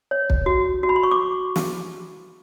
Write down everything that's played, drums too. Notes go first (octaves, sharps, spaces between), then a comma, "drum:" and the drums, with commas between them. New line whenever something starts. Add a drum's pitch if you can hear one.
C#5
drum: kick
F#4
F#4
B5
C6
C#6
D6
drum: snare